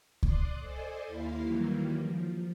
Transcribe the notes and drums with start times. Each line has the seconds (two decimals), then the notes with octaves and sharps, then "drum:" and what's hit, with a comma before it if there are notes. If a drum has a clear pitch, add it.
0.23 D5 C6 D6 D#6 F#6, drum: kick C#2
0.58 A4 C5 D5 D#5 G#5
1.07 D#2 A#3 E4 F5 B5 C6
1.41 D#3 E3 F#3 G3 A#3
2.00 F3